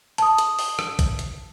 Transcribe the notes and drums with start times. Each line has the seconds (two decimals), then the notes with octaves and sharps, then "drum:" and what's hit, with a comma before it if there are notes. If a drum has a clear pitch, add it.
0.18 A5 D#6, drum: hi-hat
0.38 drum: hi-hat
0.59 drum: open hi-hat
0.79 drum: rim click
0.99 drum: kick A#1, hi-hat
1.19 drum: hi-hat